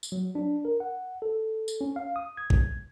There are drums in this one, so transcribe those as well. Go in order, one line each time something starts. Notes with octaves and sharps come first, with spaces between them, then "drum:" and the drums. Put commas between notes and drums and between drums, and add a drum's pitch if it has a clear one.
drum: tambourine
F#3
D4
A#4
F#5
A4
drum: tambourine
C#4
F5
D#6
G#6
drum: kick